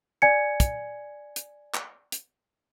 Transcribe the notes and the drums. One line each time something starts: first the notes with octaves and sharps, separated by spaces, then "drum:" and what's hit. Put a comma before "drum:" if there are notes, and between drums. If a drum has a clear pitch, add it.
D5 G#5 G#6 C#7
drum: kick, hi-hat
drum: hi-hat
drum: clap
drum: hi-hat